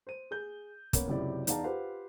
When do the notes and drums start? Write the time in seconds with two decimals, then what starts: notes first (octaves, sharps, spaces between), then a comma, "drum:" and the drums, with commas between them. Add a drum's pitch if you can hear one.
0.07 C5 D#7
0.31 G#4 G6
0.93 A#3 B3 C#4, drum: kick, hi-hat
1.08 C#2 F#2 C3 E4 D5
1.47 E2 D#4 D5 F5 A5 A#5, drum: hi-hat
1.64 F4 G4 B4 C5 F5 F#5